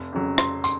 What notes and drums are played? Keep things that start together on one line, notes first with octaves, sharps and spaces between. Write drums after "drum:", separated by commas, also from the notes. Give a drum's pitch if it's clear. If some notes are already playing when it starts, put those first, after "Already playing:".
Already playing: F1
F2 C#3 F#3
F1 C6, drum: rim click
C6, drum: tambourine